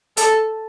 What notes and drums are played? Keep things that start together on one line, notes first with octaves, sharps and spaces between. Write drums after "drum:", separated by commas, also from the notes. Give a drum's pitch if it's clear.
A4, drum: hi-hat